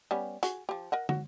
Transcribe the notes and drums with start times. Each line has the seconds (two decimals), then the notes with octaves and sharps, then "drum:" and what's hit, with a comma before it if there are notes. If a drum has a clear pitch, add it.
0.11 G3 B3 C#4
0.43 F#4 G#4, drum: hi-hat
0.69 F3 G4
0.92 A#4 D#5 F#5
1.09 F#4, drum: tom